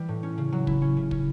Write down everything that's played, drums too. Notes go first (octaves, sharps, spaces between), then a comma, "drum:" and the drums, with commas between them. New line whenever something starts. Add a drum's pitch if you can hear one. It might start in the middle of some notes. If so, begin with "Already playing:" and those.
Already playing: E3 G3
A2
C#4
C#3
F#3
E4, drum: kick
C#4
C#3
C#4, drum: kick